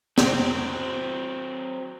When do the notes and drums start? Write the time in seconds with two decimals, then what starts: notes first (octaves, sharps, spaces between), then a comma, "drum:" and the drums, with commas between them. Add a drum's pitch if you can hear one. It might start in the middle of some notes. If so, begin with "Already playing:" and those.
0.18 F#3 C4, drum: snare